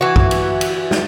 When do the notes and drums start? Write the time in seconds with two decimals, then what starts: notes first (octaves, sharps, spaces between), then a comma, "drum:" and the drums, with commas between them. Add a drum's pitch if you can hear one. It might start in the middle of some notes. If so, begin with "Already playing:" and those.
0.01 E3 F#4
0.16 drum: kick A#1
0.31 drum: cymbal
0.61 drum: cymbal
0.91 drum: snare